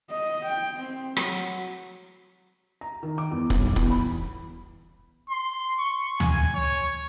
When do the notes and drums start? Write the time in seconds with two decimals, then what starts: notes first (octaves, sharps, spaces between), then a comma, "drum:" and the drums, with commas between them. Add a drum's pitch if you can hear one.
0.10 D#5
0.45 G5
0.79 C4
1.17 F#3, drum: rim click
2.81 A#5
3.03 D#3
3.18 D6
3.31 E2
3.50 G1, drum: kick
3.62 B1
3.76 E2, drum: kick
3.90 B5
5.30 C6
5.79 C#6
6.20 G#5, drum: tom D2
6.55 C#5